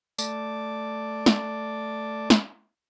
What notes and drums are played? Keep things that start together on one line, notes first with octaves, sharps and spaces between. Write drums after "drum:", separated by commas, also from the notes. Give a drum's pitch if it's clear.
A3 D5 A5 D6, drum: tambourine
drum: snare
drum: snare